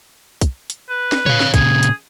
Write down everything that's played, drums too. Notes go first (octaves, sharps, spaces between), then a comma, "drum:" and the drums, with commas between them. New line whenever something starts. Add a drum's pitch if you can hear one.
drum: kick, hi-hat
drum: hi-hat
B4
drum: snare
C#5 F5, drum: tom
drum: snare
A#2 C#3 G#4, drum: kick, hi-hat
drum: hi-hat